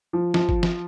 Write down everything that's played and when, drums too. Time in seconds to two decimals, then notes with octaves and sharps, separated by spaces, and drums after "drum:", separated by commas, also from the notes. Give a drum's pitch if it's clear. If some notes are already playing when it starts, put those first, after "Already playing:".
0.13 F3
0.34 F3, drum: snare
0.49 drum: kick G1
0.63 drum: snare